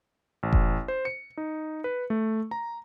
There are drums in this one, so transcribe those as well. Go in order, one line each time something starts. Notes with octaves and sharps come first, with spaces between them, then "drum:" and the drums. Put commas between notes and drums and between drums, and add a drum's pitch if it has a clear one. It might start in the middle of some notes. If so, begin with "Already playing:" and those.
A1
drum: kick F1
C5
C#7
D#4
B4
A3
A#5